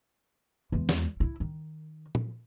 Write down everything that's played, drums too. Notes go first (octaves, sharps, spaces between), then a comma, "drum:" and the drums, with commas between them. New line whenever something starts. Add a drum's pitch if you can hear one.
E2 G#3
drum: snare
E4
D#3
drum: tom